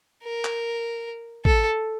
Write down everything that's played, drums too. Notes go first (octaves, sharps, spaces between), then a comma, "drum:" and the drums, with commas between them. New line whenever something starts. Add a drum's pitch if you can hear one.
A#4
drum: clap
A4, drum: kick